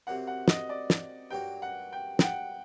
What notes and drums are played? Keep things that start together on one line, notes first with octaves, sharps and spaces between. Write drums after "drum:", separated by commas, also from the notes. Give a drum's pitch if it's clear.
C3 F#3 A#3 F#5
F#5
D#5, drum: snare
D5
drum: snare
G2 F#3 A#3 F#4 G5
F#5
G5
G5, drum: snare
F#5